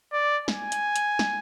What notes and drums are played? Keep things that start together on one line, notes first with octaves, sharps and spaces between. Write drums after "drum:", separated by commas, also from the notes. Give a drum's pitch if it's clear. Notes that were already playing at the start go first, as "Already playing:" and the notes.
D5
G#5, drum: snare
drum: hi-hat
drum: hi-hat
drum: snare